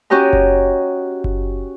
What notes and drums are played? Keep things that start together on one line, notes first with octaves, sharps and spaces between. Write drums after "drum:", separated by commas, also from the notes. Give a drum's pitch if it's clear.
C#4 F#4 G4 D#5 A#5
drum: kick F#1
drum: kick F#1